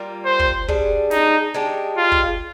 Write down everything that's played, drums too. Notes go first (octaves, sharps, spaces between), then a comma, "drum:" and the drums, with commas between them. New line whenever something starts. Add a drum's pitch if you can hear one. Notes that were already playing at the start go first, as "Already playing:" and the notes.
Already playing: G3 A#3 F4
C5
drum: kick
G3 D4 G#4, drum: kick
D#4, drum: snare
G#3 D4 G4
F4
drum: kick